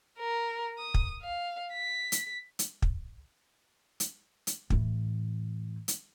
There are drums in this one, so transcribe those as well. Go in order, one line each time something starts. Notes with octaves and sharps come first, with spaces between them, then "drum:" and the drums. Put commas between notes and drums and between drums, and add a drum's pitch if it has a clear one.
A#4
D#6
drum: kick
F5
B6
drum: hi-hat
drum: hi-hat
drum: kick
drum: hi-hat
drum: hi-hat
A2 E3, drum: kick
drum: hi-hat